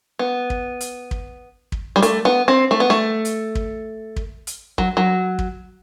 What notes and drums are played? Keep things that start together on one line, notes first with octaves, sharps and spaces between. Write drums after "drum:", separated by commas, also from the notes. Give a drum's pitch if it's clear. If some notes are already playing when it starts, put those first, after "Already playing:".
B3
drum: kick
drum: hi-hat
drum: kick
drum: kick
G3
A3, drum: hi-hat
B3
C4
A3
B3
A3
drum: hi-hat
drum: kick
drum: kick
drum: hi-hat
F#3, drum: kick
F#3
drum: kick